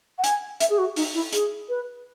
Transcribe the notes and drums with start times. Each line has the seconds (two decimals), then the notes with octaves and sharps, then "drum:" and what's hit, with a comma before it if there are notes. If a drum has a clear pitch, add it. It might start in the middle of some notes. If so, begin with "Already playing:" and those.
0.19 F#5
0.24 G#5, drum: hi-hat
0.60 E5, drum: hi-hat
0.70 G#4
0.78 F#4
0.96 D#4, drum: open hi-hat
1.14 E4
1.33 G#4, drum: hi-hat
1.69 B4